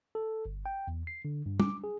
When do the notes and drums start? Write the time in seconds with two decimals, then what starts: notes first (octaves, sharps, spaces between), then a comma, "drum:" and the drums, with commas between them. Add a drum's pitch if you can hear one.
0.15 A4
0.46 G1
0.66 G5
0.88 E2
1.07 C7
1.25 D3
1.46 G2
1.60 D6, drum: tom
1.84 G#4